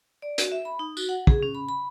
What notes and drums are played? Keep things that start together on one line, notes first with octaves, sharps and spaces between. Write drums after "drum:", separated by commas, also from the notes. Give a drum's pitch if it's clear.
D5
F#4, drum: hi-hat
E5
B5
D#4
F#4, drum: tambourine
F#5
G#4, drum: kick
C#4
B5
B5